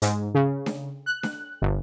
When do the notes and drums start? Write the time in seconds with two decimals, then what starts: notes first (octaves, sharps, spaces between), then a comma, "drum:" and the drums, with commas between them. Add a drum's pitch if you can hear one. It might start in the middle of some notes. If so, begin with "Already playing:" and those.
0.02 G#2, drum: hi-hat
0.35 C#3
0.66 drum: snare D4
1.06 F#6
1.23 drum: snare D4
1.62 G1